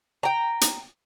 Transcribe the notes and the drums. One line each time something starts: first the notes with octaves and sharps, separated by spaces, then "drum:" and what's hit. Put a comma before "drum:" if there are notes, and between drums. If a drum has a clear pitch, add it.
G5 A#5
drum: hi-hat